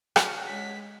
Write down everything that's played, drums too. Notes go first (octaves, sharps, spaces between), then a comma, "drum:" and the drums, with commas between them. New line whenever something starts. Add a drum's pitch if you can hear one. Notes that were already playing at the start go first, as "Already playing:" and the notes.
C#4 D4 F#4 F6, drum: rim click
G#3 B6